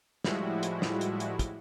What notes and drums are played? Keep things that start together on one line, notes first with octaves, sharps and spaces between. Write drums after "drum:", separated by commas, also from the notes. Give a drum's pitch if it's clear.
A2 F3 G3 G#3 E4 F#4, drum: snare
drum: hi-hat
drum: snare
drum: hi-hat
drum: hi-hat
drum: kick, hi-hat